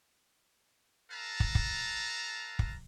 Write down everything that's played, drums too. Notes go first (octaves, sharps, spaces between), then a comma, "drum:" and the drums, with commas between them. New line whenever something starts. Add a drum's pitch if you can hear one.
A4 B4 F5 A5 A#5
drum: kick
drum: kick
drum: kick